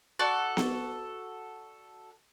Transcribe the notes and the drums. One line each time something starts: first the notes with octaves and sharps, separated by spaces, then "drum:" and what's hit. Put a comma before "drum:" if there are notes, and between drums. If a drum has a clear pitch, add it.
F#4 A4 D5
drum: snare B3